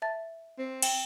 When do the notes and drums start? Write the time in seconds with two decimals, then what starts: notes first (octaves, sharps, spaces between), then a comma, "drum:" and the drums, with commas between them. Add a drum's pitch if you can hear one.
0.02 E5 A5 A6
0.59 C4
0.82 G5, drum: cymbal